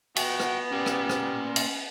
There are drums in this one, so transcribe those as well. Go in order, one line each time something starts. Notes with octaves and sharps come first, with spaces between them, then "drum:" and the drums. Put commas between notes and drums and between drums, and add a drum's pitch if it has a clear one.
B3 F#4 F#5 G5, drum: cymbal
drum: rim click
A#3 C#4 G4 D5
drum: rim click
drum: rim click
drum: cymbal